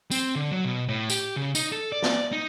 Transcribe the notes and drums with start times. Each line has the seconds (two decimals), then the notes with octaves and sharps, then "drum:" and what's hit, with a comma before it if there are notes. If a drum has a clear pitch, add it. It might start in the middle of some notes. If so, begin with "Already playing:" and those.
0.11 C4, drum: tambourine
0.35 D3
0.51 F#3
0.65 B2
0.88 A2
1.10 G4, drum: tambourine
1.36 C#3
1.55 D#4, drum: tambourine
1.72 A4
1.92 D5
2.02 drum: snare
2.32 D#4